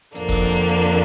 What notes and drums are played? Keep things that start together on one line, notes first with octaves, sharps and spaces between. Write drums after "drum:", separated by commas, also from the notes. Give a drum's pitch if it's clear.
F2 D3 A#3 D4, drum: hi-hat
drum: kick F1, open hi-hat
drum: hi-hat
drum: hi-hat
drum: hi-hat
drum: hi-hat